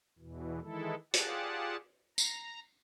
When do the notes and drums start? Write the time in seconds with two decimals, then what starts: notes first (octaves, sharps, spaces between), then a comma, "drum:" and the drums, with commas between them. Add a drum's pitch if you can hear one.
0.18 E2 B2 E3
0.61 D#3 E3 G#3 E4 A4
1.14 F4 G4 G#4 D5 F#5 A5, drum: hi-hat
2.18 A#5, drum: tambourine